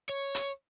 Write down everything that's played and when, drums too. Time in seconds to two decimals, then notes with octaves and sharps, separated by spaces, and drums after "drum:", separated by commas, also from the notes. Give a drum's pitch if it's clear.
0.09 C#5
0.35 drum: hi-hat